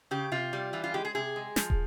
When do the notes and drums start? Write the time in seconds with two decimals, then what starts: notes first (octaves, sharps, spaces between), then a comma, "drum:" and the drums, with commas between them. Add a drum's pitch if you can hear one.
0.11 C#3 G4
0.32 C3 F4
0.53 G3
0.73 E3 F4
0.84 F4
0.94 G#3 G4
1.05 G#4
1.15 C3 G#4
1.36 G#3
1.56 F3, drum: snare
1.70 drum: kick